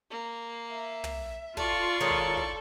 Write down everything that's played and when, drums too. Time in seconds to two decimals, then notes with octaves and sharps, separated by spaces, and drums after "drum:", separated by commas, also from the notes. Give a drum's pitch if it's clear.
0.11 A#3
0.71 E5
1.04 drum: tom
1.57 F4 A4 D5 C#6, drum: kick
2.01 D#3 G#3 A4 C#5
2.10 drum: kick
2.37 drum: kick